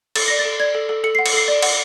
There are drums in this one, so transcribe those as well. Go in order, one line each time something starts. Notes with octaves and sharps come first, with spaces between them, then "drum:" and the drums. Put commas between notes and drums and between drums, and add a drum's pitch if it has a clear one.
A4 A6, drum: cymbal
D5 A#6
A6
A4
D5 G#6
A4
A4
A4 C#7
C7
F#5
C#7, drum: cymbal
A4 C7
D5
F#5, drum: cymbal